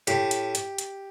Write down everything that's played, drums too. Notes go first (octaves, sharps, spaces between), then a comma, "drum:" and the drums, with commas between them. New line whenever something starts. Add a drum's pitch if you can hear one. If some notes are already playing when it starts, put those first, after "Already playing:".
A2 G4, drum: hi-hat
drum: hi-hat
drum: hi-hat
drum: hi-hat